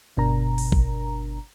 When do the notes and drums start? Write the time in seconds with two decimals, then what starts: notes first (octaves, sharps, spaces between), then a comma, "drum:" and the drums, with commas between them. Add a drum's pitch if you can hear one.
0.17 G1 B2 D4 A#4 A#5
0.58 drum: open hi-hat
0.72 drum: kick A#1